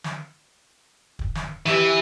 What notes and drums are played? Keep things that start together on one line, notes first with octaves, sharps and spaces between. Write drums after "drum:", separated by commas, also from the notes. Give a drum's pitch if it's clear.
drum: snare
drum: kick
drum: snare
E3 G4 B4 E5, drum: snare